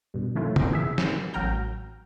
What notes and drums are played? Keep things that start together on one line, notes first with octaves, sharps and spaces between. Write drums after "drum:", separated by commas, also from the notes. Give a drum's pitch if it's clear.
G2 B2
D#3 F3 A3 C#4 E4 F4
drum: tom
E3 G#4 E5
drum: snare
A1 F#3 A#4 G5 A#5 G6